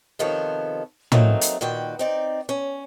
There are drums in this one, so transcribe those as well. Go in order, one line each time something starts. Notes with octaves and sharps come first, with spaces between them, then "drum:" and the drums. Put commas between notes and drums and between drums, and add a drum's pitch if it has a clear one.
C3 D#3 F3 B3 A4 C#5
F#3 A3 A#3 C4 D#4, drum: tom
drum: hi-hat
A#2 D#3 F#4 B4 G5
C4 D#4 D5
C#4